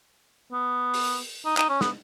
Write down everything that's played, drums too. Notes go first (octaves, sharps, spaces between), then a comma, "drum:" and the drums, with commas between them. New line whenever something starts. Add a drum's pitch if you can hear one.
B3
drum: open hi-hat
D#4
D#4, drum: clap
C#4
B3, drum: snare